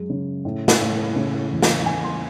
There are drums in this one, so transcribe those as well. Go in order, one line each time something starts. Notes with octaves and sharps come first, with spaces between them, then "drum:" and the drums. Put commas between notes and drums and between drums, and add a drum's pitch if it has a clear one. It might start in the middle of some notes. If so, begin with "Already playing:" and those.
Already playing: F#2 G#3
C#3
A2
drum: snare
A2
C#3
E2
drum: snare
C#3 G#5
C6